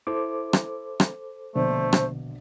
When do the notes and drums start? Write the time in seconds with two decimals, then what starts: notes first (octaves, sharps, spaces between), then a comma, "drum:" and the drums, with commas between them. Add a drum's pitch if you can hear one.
0.07 E4 A4 C5 D6
0.53 drum: rim click
1.00 drum: rim click
1.55 A#1 B2 D3 A3 C5 D5
1.93 drum: rim click